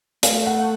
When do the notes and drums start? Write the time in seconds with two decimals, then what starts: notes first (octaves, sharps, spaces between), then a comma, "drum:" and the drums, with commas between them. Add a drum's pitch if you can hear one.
0.23 A3 F5, drum: hi-hat
0.46 F#5